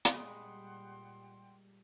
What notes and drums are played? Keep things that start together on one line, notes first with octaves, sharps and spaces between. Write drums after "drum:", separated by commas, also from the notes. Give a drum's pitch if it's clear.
drum: hi-hat
A#2 G3 G#3 F#5 G5 B5 C6 D#6